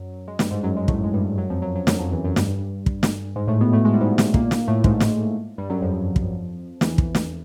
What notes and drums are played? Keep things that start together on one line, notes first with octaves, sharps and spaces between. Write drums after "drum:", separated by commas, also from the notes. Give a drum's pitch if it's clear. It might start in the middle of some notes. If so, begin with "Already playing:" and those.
Already playing: F#2 F#3
G#3
G2 G3, drum: snare
G#2 G#3
F#2 F#3
G#2 G#3
A2 A3, drum: kick
G#3
G2 G3
F#2 F#3
F2 F3
F#2 F#3
F#2 F#3
F#2 F#3, drum: snare
F2 F3
E2 E3
F#2 F#3
G2 G3, drum: snare
drum: kick
drum: snare
G#2 G#3
A2 A3
B2 B3
A2 A3
G#3
G3
G#2 G#3
drum: snare
A#2 A#3, drum: kick
drum: snare
A2 A3
G#2 G#3, drum: kick
drum: snare
G2 G3
F#2 F#3
F2 F3
drum: kick
E2 E3, drum: snare
drum: kick
drum: snare